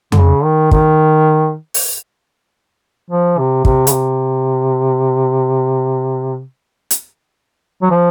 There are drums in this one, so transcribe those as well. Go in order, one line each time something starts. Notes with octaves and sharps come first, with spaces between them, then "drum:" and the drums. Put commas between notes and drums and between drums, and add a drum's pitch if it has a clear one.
D3, drum: tom F2
C#3
D#3
D#3, drum: kick
drum: open hi-hat
F3
C3
C3, drum: kick
C#3, drum: hi-hat
C3
drum: hi-hat
F#3
F3